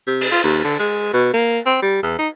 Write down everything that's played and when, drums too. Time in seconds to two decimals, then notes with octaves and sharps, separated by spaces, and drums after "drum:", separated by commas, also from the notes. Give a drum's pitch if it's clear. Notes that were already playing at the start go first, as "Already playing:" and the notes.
0.07 C3
0.21 drum: cymbal
0.32 F4
0.44 D#2
0.65 D3
0.79 G#3
1.14 B2
1.34 A#3
1.66 C4
1.82 G3
2.03 E2
2.19 D#4